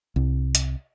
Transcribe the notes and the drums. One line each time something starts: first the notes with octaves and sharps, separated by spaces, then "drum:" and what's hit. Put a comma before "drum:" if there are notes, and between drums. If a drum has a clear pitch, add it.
C2
drum: hi-hat